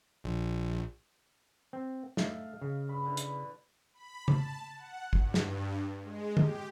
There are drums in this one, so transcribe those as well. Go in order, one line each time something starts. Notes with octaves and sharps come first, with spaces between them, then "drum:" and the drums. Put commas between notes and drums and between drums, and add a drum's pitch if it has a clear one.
A#1
C4
A3 D#5 F5, drum: snare
C#3
G2 B5
D3 E3 B4
drum: hi-hat
B5
A5, drum: tom C#3
F#5
G2, drum: kick
drum: snare
G#3
G4, drum: tom D3